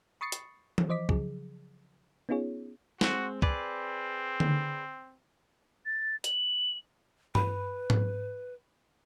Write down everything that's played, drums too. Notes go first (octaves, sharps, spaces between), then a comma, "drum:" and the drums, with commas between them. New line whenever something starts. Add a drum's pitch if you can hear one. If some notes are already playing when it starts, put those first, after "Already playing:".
B5 C#6 D#6 A6 C7 C#7
drum: hi-hat
drum: tom E3
F3 C5 D#5 D6 B6
C#3 F3 F#3 G#4, drum: kick
B3 C#4 D#4 F4 G#4 C#5
G#3 C4 F#4, drum: snare
C4 G#4 B4 D5, drum: kick
drum: tom D3
A6
F#7, drum: hi-hat
B4 B5, drum: tom G2
drum: tom G#2